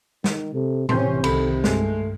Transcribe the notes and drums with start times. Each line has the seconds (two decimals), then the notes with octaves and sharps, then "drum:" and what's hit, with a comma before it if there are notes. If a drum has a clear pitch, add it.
0.24 D#3, drum: snare
0.54 C3 A4
0.89 C3 E3 C4 C#4 C6 G6, drum: tom A2
1.24 C2 D#3 A4 B5, drum: cymbal
1.64 G2 G#3 A3, drum: snare